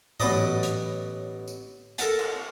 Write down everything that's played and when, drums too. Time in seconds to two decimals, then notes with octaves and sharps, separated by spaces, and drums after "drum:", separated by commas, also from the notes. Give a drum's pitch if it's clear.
0.20 A1 B2 F#3 B4 D5 D#5, drum: tom G#2
0.63 drum: hi-hat
1.48 drum: tambourine
1.98 A4 A#4 F#5 A5, drum: hi-hat
2.19 drum: cymbal